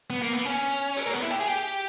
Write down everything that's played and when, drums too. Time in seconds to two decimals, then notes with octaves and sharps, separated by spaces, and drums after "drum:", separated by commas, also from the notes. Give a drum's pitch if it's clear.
0.10 B3
0.22 A#3
0.33 B3
0.45 C#4
0.96 drum: open hi-hat
1.06 A#3
1.14 B3
1.22 E4
1.31 G4
1.40 G#4
1.48 G4